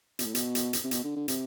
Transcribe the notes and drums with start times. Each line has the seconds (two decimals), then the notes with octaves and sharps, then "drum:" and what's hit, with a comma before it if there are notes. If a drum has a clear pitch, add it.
0.19 B2, drum: hi-hat
0.26 A2
0.35 B2, drum: hi-hat
0.55 drum: hi-hat
0.73 drum: hi-hat
0.84 C3
0.91 B2, drum: hi-hat
1.04 D3
1.16 D3
1.28 C3, drum: hi-hat